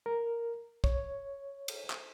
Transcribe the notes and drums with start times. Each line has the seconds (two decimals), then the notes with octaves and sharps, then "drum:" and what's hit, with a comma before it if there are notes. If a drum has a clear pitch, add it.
0.06 A#4
0.84 C#5, drum: kick
1.68 drum: cymbal
1.90 drum: clap